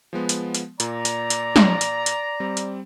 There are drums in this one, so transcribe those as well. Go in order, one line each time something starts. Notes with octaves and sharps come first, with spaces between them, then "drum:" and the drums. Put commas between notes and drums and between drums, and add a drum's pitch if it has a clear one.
F3 G#3 B3
drum: hi-hat
drum: hi-hat
A#2 D5 A#5, drum: hi-hat
drum: hi-hat
drum: hi-hat
drum: snare
drum: hi-hat
drum: hi-hat
G3 C4
drum: hi-hat